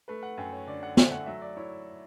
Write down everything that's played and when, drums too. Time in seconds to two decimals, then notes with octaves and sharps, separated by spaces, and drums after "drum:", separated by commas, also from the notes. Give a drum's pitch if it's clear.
0.08 A3 B4
0.23 F#5
0.37 F#2 G5
0.53 C#5
0.67 D3 D5
0.83 F#5
0.97 A3 E5, drum: snare
1.12 F#5
1.26 F#3 E5
1.41 D5
1.56 E4 C#5